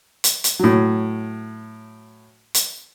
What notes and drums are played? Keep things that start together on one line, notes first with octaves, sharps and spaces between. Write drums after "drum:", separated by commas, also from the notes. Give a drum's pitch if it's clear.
drum: hi-hat
drum: hi-hat
A2 F#3
drum: hi-hat